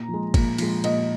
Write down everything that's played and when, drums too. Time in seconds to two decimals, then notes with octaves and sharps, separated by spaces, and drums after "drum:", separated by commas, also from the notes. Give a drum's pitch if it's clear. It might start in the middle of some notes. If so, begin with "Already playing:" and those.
Already playing: A#2 A#5
0.08 F3
0.14 G#3
0.34 A#2, drum: kick, cymbal
0.58 F3 G#3, drum: cymbal
0.84 A#2 D#5, drum: cymbal